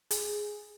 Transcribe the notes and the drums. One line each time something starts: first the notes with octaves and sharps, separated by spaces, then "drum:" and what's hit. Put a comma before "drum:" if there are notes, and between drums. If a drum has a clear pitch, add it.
G#4, drum: hi-hat